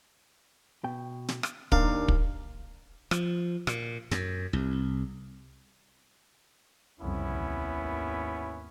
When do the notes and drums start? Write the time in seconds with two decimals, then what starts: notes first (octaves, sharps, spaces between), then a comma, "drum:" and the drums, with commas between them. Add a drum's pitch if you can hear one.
0.84 B2 G5
1.28 drum: snare
1.43 drum: rim click
1.72 D#2 D4 A#4 F5, drum: kick
2.08 drum: kick
3.11 F3, drum: rim click
3.67 A#2, drum: rim click
4.11 F#2, drum: snare
4.53 C2
7.00 F#1 C2 F2 B3 C#4 E4
7.31 G#1 D#2